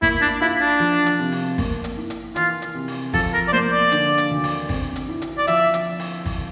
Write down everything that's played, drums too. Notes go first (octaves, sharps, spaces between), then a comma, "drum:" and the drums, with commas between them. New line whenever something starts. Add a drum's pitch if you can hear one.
A#3 E4, drum: kick, open hi-hat
D4
E4 F4
D4
F3
drum: hi-hat
C3
drum: open hi-hat
A#3, drum: kick, open hi-hat
drum: hi-hat
E4
drum: hi-hat
E3 F4, drum: hi-hat
drum: hi-hat
C3
drum: open hi-hat
F3 A4, drum: kick, open hi-hat
A#4
D5
A#3 C5
D5
D3, drum: hi-hat
drum: hi-hat
D2
drum: open hi-hat
C4, drum: kick, open hi-hat
drum: hi-hat
E4
drum: hi-hat
D5
F3 E5, drum: hi-hat
drum: hi-hat
drum: open hi-hat
drum: kick, open hi-hat